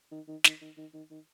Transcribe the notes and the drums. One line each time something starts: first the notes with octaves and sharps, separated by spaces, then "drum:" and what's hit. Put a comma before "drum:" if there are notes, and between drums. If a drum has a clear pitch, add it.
D#3
D#3
D#3, drum: snare
D#3
D#3
D#3
D#3